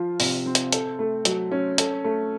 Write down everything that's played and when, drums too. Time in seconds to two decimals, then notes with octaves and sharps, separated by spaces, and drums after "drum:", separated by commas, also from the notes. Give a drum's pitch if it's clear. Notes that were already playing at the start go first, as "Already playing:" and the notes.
Already playing: F3 F4
0.20 C3, drum: open hi-hat
0.46 C4
0.55 drum: hi-hat
0.72 A4, drum: hi-hat
0.99 A3
1.25 F#3, drum: hi-hat
1.52 C#4
1.78 A4, drum: hi-hat
2.04 A3